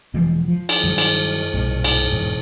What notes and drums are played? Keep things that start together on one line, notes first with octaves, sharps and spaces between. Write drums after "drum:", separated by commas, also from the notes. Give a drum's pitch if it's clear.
E1 E3 F3 G#3
F3
drum: cymbal
G2 D#3 F#3
drum: cymbal
B1 G2 A#2
drum: cymbal
E1 G#2